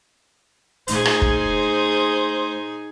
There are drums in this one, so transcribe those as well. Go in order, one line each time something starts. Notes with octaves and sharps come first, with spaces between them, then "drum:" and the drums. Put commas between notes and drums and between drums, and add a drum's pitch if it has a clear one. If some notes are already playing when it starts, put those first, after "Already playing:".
A#2 A3 D#4 G#4 C5, drum: hi-hat
drum: rim click
drum: kick